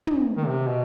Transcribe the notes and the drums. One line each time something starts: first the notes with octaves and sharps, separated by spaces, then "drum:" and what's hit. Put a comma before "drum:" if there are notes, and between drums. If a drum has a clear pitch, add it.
drum: tom
D#3
C3
B2